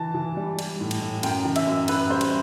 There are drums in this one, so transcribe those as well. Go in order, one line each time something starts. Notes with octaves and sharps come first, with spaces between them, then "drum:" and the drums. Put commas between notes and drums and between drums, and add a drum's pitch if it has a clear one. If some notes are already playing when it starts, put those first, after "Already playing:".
Already playing: E3 A5
E3
G3
G3, drum: cymbal
A2
drum: cymbal
A2
F#2 G5, drum: cymbal
E3
E5, drum: cymbal
F#2
F#2 B4, drum: cymbal
G3 C5
drum: cymbal